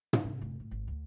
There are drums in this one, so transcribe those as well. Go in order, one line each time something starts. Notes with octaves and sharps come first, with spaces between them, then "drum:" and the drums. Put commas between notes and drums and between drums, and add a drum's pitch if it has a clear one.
drum: tom
C3
F1
A2
G#1
D2